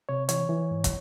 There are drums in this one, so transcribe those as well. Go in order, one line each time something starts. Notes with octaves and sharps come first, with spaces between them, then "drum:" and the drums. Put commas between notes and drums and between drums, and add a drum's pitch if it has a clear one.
C3 C#5
E3 C#5, drum: hi-hat
E3
G#2
drum: kick, hi-hat